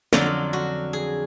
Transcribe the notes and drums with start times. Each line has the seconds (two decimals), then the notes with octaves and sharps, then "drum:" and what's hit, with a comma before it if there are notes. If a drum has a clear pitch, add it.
0.13 F2 D3 F#3 F4, drum: snare
0.53 F#4
0.93 G#4